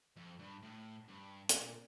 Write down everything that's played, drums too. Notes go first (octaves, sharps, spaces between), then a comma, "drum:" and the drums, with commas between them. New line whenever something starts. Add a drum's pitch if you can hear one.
F2
G2
A2
G2
C3, drum: hi-hat
A#2